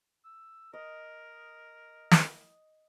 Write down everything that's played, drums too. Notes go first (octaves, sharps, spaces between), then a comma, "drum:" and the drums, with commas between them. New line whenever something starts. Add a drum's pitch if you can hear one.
E6
A#4 D#5
drum: snare